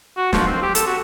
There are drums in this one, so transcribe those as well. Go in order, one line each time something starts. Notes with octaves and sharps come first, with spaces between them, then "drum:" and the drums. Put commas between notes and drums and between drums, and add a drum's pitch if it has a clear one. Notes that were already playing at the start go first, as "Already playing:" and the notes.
F#4
F3, drum: snare
C4
G4
A4, drum: hi-hat
F#4